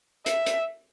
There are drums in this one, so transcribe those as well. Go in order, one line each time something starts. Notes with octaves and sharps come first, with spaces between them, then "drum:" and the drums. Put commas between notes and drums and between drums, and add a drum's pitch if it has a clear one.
E5, drum: hi-hat
drum: hi-hat